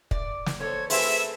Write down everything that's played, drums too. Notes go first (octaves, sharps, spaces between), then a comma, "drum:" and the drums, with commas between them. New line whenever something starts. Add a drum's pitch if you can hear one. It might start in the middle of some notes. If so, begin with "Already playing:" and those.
D5, drum: kick
drum: snare
A4 C5 C#5 G#6
A3 C4 G#4 B4 C5 E5, drum: open hi-hat